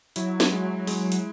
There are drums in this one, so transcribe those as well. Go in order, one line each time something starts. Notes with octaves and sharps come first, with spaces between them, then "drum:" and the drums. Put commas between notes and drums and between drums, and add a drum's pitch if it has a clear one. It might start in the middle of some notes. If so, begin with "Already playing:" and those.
F#3 E4, drum: hi-hat
drum: snare
G#3
G#3, drum: open hi-hat
drum: hi-hat